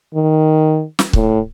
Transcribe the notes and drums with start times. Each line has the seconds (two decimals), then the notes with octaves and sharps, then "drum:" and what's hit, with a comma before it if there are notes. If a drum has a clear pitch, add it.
0.14 D#3
0.99 drum: snare
1.13 A2, drum: kick C#1